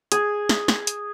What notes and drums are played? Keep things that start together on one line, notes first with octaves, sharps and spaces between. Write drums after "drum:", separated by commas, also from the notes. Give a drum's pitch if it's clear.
G#4, drum: hi-hat
drum: snare
drum: snare
drum: hi-hat